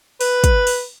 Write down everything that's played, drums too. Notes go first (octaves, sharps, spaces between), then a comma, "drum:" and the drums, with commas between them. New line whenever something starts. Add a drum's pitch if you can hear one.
B4, drum: open hi-hat
drum: kick, hi-hat
drum: open hi-hat